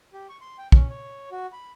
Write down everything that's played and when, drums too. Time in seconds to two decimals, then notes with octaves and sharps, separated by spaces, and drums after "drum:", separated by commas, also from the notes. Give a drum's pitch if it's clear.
0.13 G4
0.29 C#6
0.41 C6
0.58 G5
0.72 C#4, drum: kick
0.90 C#5
1.32 F#4
1.53 B5